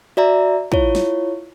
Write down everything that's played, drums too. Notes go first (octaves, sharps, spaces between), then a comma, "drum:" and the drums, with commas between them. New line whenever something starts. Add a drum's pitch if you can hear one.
F#4 D5 E5 A#5
E4 F4 C#5, drum: kick
drum: snare